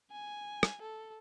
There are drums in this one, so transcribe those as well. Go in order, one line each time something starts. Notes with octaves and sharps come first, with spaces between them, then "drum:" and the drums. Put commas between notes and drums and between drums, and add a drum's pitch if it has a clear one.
G#5
drum: rim click
A4